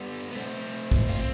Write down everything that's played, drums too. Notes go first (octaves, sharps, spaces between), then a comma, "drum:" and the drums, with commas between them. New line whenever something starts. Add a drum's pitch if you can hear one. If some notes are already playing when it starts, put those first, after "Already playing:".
Already playing: G3 B3
B3
A3 C4
drum: kick
F4, drum: hi-hat
C4